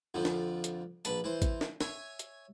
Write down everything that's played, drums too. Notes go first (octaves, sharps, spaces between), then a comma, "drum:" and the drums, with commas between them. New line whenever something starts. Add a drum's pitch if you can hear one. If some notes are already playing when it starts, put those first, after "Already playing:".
F2 D3 F3
drum: snare
drum: hi-hat
A#1 B4 A5, drum: hi-hat
E3 C5
drum: kick A1, hi-hat
drum: snare
C#5 E5 G#5, drum: snare
drum: hi-hat